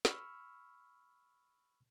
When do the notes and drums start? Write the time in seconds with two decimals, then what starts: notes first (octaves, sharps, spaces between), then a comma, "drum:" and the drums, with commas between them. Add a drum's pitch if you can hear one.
0.05 B5 C#6 E6 F6, drum: snare